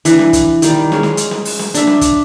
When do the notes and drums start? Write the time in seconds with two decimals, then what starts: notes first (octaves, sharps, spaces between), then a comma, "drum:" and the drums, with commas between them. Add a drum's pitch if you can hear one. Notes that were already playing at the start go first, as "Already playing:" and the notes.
0.05 E3 D4 B4, drum: hi-hat
0.19 drum: snare
0.33 drum: kick, hi-hat
0.62 D#3 G3 D5, drum: hi-hat
0.92 G#3 C#4, drum: snare
1.03 drum: snare
1.17 drum: hi-hat
1.31 drum: snare
1.45 drum: open hi-hat
1.59 drum: snare
1.74 D4 E5, drum: hi-hat
1.87 drum: snare
2.01 drum: kick, hi-hat